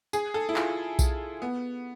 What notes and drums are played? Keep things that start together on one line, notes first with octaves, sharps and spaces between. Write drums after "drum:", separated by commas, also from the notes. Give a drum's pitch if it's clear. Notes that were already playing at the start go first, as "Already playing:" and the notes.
G#4, drum: tambourine
A4
E4
F4, drum: clap
drum: kick B1, tambourine
B3